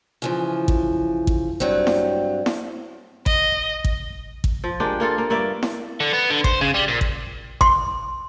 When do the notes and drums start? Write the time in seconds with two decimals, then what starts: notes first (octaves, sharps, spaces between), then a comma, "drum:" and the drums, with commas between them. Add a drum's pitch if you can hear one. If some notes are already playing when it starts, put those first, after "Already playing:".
0.22 C#3 E3 F3
0.68 drum: kick A1
1.27 drum: kick A1
1.60 G2 F#3 C4
1.87 drum: snare E4
2.46 drum: snare E4
3.26 D#5, drum: kick A1
3.84 drum: kick A1
4.44 drum: kick A1
4.64 F3
4.80 G#3 A#3 D4 G4
5.00 A#3 F4 A4
5.18 A#3
5.30 G2 A#3 D5 E5
5.63 drum: snare E4
6.00 D3
6.13 B3
6.30 D3
6.44 C5, drum: kick A1
6.61 C#3
6.74 G3
6.88 A#2
7.01 drum: kick A1
7.61 C6, drum: kick A1